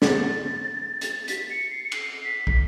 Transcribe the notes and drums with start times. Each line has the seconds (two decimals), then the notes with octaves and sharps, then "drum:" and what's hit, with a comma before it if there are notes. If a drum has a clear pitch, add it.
0.02 A6, drum: snare
1.01 drum: hi-hat
1.28 B6, drum: hi-hat
1.50 C#7
1.70 C7
1.83 C#7
1.92 C7, drum: cymbal
2.24 B6
2.47 drum: kick